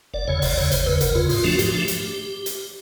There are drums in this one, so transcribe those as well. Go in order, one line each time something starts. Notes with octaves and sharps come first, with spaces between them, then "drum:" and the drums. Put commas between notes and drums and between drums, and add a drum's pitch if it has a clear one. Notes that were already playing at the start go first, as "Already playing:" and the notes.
F#1 D5
E2 C#3 C#5
F#1 D5, drum: open hi-hat
E2 C#3 C#5
F#1 C5, drum: hi-hat
E2 C#3 B4
F#1 A#4, drum: hi-hat
E2 C#3 F4
G#2 F4, drum: open hi-hat
F3 A3 D4 F#4
G#2 G4, drum: hi-hat
F3 A3 D4
drum: hi-hat
drum: hi-hat